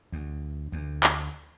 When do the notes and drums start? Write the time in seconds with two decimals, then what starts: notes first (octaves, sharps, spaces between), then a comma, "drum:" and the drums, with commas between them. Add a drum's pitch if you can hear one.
0.12 D2
0.72 D2
1.03 drum: clap